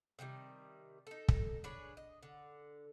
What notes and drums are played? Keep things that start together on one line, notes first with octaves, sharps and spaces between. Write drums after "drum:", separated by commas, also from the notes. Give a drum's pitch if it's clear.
C3 D#3 E3 G3
D#4 A4
drum: kick
D4 G#4 B4 C#5
D#5
D3